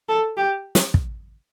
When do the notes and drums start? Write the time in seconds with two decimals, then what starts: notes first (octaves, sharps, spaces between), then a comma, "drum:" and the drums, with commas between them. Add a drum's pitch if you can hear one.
0.09 A4
0.37 G4
0.75 drum: snare
0.94 drum: kick